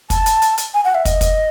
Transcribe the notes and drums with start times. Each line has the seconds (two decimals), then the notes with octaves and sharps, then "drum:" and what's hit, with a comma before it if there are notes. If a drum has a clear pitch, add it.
0.10 A5, drum: kick, hi-hat
0.26 drum: hi-hat
0.42 drum: hi-hat
0.58 drum: hi-hat
0.74 G#5
0.84 F#5
0.95 E5
1.05 D#5, drum: kick, hi-hat
1.21 drum: kick, hi-hat